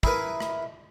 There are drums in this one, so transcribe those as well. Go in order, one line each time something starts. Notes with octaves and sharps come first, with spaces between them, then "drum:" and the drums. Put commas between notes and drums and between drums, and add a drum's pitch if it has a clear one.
E4 G#4 A#4 B4, drum: kick
drum: rim click